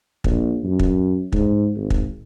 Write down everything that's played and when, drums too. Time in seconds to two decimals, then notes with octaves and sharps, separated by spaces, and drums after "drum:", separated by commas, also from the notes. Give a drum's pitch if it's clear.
0.24 A#1, drum: kick
0.64 F#2
0.79 drum: kick
1.32 G#2, drum: kick
1.77 G#1
1.90 drum: kick